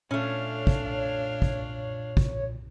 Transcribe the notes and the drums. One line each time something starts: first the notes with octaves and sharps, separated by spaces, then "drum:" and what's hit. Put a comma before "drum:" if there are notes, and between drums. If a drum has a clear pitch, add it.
A#2 A3 C#4 D4 C#5 F5
drum: kick
drum: kick
drum: kick